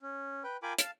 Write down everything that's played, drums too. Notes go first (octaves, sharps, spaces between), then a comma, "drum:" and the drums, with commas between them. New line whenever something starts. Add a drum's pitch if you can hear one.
C#4
B4 G5
F4 A#4 G5 G#5 B5 D6
F5 A5, drum: hi-hat